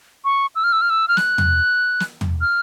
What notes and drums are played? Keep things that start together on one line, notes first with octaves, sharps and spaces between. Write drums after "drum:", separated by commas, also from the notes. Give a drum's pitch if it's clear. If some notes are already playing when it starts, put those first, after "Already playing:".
C#6
E6
F6
E6
F6
E6
F6
F#6, drum: snare
drum: tom
drum: snare
drum: tom
F6